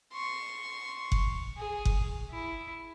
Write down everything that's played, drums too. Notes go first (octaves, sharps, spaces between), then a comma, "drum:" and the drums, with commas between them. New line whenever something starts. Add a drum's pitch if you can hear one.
C6 C#6
drum: kick F#1
G#4
drum: kick F#1
E4